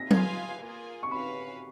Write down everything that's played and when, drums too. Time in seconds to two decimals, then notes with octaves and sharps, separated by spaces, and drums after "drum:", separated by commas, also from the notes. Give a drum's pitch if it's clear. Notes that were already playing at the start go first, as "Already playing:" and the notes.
Already playing: A#6 B6
0.11 F4 G#4 B4 F5 G#5 G#6, drum: tom F#3
0.60 A#3 F4 G#4
1.03 C#6
1.11 C#4 F#4 B4 F5 B5